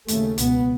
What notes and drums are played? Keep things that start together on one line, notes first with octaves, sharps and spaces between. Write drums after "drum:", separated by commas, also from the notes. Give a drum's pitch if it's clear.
D#2 C#3 A3, drum: hi-hat
C#2 B2 B3, drum: hi-hat